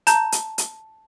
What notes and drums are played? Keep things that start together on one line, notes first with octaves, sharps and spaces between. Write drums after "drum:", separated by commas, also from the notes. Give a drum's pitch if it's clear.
A5 A#5 G6, drum: hi-hat
drum: hi-hat
drum: hi-hat